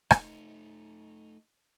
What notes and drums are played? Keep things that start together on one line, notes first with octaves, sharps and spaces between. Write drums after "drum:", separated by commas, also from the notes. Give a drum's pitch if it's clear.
A3 D#4, drum: rim click